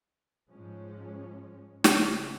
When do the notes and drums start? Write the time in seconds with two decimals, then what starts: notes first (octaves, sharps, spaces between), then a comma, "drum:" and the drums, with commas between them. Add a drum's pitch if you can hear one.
0.51 G#2 F3 G#3 C#4
1.84 C#3 G#3 C#4, drum: snare